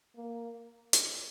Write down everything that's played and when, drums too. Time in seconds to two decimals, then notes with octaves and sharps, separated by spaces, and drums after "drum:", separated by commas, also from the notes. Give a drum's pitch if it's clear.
0.16 A#3
0.93 drum: hi-hat